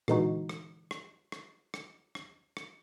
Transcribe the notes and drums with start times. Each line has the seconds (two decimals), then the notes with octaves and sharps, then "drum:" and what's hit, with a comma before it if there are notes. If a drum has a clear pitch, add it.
0.08 A#2 D3 E3 G#3 D#4 F#4, drum: rim click
0.49 drum: rim click
0.91 drum: rim click
1.32 drum: rim click
1.74 drum: rim click
2.15 drum: rim click
2.57 drum: rim click